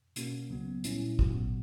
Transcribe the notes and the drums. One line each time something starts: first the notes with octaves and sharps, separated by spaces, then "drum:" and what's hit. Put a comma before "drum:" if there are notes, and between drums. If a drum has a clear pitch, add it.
B2 A#3 C#4 F#4, drum: hi-hat
C#2 C#3 F#3 B3
A#2 G3 C#4 E4, drum: hi-hat
A#2 F#3 B3 F#4, drum: kick